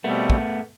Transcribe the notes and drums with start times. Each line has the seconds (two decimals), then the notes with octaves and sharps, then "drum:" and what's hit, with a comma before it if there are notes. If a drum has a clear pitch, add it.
0.04 B2 G3 A3 B3 C4
0.30 drum: kick